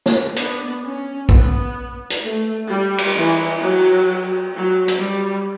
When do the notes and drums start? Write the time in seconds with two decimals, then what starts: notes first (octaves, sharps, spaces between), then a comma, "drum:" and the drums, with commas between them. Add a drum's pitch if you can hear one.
0.06 drum: snare
0.36 B3 D4, drum: hi-hat
0.83 C#4
1.29 B3, drum: kick
2.10 drum: hi-hat
2.22 A3
2.68 G3
2.98 drum: cymbal
3.15 E3
3.60 F#3
4.53 F#3
4.88 drum: hi-hat
4.99 G3